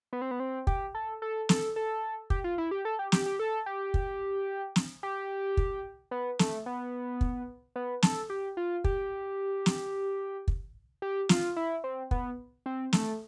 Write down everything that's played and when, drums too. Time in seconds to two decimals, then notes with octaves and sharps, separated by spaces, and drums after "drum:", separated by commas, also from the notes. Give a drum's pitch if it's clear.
0.13 B3
0.22 C4
0.31 B3
0.40 C4
0.67 G4, drum: kick
0.95 A4
1.22 A4
1.49 A4, drum: snare
1.76 A4
2.30 G4, drum: kick
2.44 F4
2.58 E4
2.71 G4
2.85 A4
2.99 G4
3.12 G4, drum: snare
3.26 G4
3.39 A4
3.66 G4
3.94 drum: kick
4.76 drum: snare
5.03 G4
5.57 drum: kick
6.11 B3
6.39 A3, drum: snare
6.66 B3
7.21 drum: kick
7.76 B3
8.02 A4, drum: snare
8.30 G4
8.57 F4
8.84 G4, drum: kick
9.66 drum: snare
10.48 drum: kick
11.02 G4
11.29 F4, drum: snare
11.56 E4
11.84 C4
12.11 B3, drum: kick
12.66 C4
12.93 A3, drum: snare